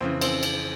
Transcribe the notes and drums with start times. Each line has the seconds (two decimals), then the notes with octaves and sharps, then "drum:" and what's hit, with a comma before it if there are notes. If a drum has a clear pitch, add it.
0.01 F2 C#3 E3 C4
0.21 C4, drum: cymbal
0.43 drum: cymbal